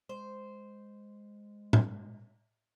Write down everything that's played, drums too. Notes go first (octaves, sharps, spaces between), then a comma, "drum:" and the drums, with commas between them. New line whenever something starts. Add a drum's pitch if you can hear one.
G#3 C5
drum: tom A2